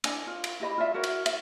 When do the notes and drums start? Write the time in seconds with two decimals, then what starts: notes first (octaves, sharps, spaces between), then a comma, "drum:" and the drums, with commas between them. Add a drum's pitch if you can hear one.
0.04 D4 D#5 G#5, drum: cymbal
0.27 F4
0.44 drum: cymbal
0.60 E4 G4 D#5 B5
0.78 F4 D5 E5
0.94 F#4 A#4 C#5 E5
1.04 drum: cymbal
1.26 E5, drum: cymbal